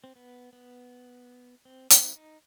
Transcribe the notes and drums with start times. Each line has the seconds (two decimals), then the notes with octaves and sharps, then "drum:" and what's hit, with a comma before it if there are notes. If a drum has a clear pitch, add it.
0.04 C4
0.16 B3
0.53 B3
1.65 C4
1.90 C4, drum: hi-hat
2.04 E4
2.15 D#4